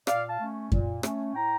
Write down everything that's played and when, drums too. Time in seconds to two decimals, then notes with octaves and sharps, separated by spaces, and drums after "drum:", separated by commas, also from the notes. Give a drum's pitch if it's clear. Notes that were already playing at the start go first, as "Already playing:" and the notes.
0.07 A#2 D5 F5, drum: rim click
0.29 F5 A5
0.39 A3 C#4
0.72 A#2, drum: kick F#2
1.03 A3 C#4, drum: rim click
1.35 A2 G5 A#5